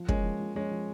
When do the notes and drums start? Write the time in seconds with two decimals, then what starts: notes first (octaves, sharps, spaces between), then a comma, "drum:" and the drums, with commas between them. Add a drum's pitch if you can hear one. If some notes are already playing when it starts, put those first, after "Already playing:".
Already playing: F3
0.08 G#3 A#3 C#4, drum: kick
0.24 F3
0.40 F3
0.55 F3 G#3 C#4
0.71 F3